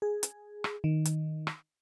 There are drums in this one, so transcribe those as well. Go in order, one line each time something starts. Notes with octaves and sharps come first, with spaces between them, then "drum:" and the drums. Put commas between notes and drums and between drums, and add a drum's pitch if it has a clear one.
G#4
drum: hi-hat
drum: rim click
D#3
drum: hi-hat
drum: rim click